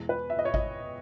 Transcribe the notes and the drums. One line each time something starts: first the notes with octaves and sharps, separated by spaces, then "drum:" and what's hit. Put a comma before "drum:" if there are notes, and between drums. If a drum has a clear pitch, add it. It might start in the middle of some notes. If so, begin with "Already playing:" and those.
Already playing: E2 B2 G#3
B4
E5
D#5
C#5
D#5, drum: kick G#1